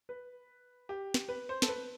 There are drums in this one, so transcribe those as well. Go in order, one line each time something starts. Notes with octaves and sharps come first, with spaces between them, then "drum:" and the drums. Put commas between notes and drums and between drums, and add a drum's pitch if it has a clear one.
B4
G4
drum: snare
B4
C5
A4, drum: snare
B4